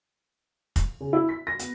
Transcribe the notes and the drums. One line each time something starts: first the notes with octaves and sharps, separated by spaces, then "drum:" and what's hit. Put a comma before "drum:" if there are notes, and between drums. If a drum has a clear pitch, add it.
drum: kick, hi-hat
C#3
E4
B6
A#6
B3, drum: hi-hat